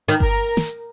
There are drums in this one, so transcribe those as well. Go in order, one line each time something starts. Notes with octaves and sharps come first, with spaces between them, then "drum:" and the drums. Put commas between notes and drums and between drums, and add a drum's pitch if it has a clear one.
D#3
A#4, drum: kick G1
drum: snare